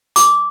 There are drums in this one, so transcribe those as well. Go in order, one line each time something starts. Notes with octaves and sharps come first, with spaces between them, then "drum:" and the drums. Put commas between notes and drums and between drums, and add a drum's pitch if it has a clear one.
D6, drum: hi-hat